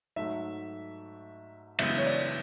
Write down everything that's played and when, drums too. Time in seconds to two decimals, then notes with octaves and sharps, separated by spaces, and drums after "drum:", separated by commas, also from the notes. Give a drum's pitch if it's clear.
0.16 G#2 F#3 A3 E5
1.79 F#2 C#3 E3 G#3 B3 E5, drum: cymbal
1.98 C#5
2.07 D5